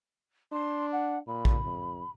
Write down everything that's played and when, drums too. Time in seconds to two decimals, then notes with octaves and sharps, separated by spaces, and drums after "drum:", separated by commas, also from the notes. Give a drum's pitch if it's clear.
0.52 D4 C6
0.92 F#5
1.27 A#2 B5
1.45 drum: kick A#1
1.64 F2